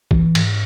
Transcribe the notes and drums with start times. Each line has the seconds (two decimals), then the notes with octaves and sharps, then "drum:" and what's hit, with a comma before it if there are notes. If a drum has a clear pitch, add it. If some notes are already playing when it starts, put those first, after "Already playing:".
0.11 E3, drum: kick
0.35 G#2, drum: cymbal